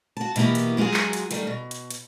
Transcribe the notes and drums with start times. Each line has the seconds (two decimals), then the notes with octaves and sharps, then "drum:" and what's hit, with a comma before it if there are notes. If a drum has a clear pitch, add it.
0.17 F#4 A5
0.36 B2 E3 A#3 B3 G4, drum: hi-hat
0.55 drum: hi-hat
0.77 F#3 G#3 F4 F#4 G#4
0.94 drum: clap
1.13 drum: hi-hat
1.31 D#3 G3 A3, drum: hi-hat
1.47 B2
1.71 drum: hi-hat
1.91 drum: hi-hat